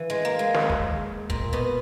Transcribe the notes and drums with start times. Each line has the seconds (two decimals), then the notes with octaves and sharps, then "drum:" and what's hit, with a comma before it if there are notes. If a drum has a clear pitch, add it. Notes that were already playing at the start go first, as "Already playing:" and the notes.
Already playing: E3
0.10 G#3
0.25 A#3
0.39 G#3
0.54 drum: snare
0.70 drum: kick
1.30 A#2, drum: kick
1.53 B2